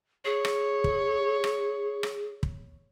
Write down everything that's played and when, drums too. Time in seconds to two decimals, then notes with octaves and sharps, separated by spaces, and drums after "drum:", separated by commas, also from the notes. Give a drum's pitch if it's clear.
0.25 G#4 C#5
0.45 drum: rim click
0.84 drum: kick
1.44 drum: rim click
2.03 drum: rim click
2.43 drum: kick